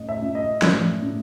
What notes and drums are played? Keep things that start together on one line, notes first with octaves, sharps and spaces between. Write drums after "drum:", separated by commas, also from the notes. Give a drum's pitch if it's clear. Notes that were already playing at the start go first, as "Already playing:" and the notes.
Already playing: A2 D#5
E5
A2
D#5
A2 D5, drum: snare
A2